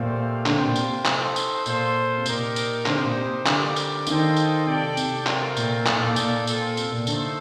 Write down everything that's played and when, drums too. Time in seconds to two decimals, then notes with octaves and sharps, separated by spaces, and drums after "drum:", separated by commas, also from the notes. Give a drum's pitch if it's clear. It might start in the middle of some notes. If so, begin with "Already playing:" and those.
Already playing: A#2 A3 C4 G4 C5 F5
0.46 D3 F4 C5 G5, drum: clap
0.56 C3
0.65 A#2
0.76 C3, drum: tambourine
1.05 D#4 A4 C5, drum: clap
1.36 drum: tambourine
1.66 A#2 F4 A4 C5, drum: tambourine
2.18 C3
2.26 A#2 D#4 G4 A#4 D5, drum: tambourine
2.56 drum: tambourine
2.86 D3 D#4 G4 C5, drum: clap
2.95 C3
3.04 A#2
3.12 C3
3.46 D3 G3 C4 G4 A#4 D5, drum: clap
3.76 drum: tambourine
4.07 D#3 F4 A4 C5 D#5 G5, drum: tambourine
4.36 drum: tambourine
4.66 C3 D4 A4 D5 G5
4.97 C3, drum: tambourine
5.27 A3 C4 F4 A#4, drum: clap
5.57 A#2, drum: tambourine
5.86 A#2 A#3 D#4 A4 D5 F5, drum: clap
6.01 A#2
6.16 A#2, drum: tambourine
6.47 C4 F4 A4, drum: tambourine
6.77 C3, drum: tambourine
6.92 A#2
7.07 D3 A3 D#4 A4 C5, drum: tambourine